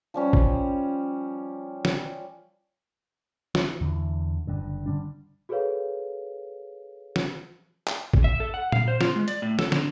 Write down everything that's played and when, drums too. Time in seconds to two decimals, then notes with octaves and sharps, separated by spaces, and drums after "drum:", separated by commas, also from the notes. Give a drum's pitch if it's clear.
0.14 F3 G3 C#4
0.33 drum: kick A1
1.85 drum: snare
3.55 E3, drum: snare
3.81 E2 D3 E3
4.47 F#1 G2 D3
4.86 D3 G3 D4
5.49 F#4 G#4 A4 B4 C#5 F5
7.16 drum: snare
7.87 drum: clap
8.14 drum: kick A1
8.24 E5
8.40 A4
8.54 F#5
8.72 F5, drum: tom A#2
8.88 C5
9.01 F4, drum: snare
9.16 G#3
9.28 D5, drum: hi-hat
9.42 A2
9.59 A4, drum: snare
9.72 D3, drum: snare